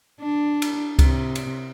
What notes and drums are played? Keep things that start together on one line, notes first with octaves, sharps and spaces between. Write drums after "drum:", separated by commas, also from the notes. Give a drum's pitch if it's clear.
D4
drum: cymbal
C3, drum: kick C#2, cymbal
drum: cymbal